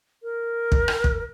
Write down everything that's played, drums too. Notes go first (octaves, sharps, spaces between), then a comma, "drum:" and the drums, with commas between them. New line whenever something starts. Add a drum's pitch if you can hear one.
A#4
drum: kick
drum: rim click
drum: kick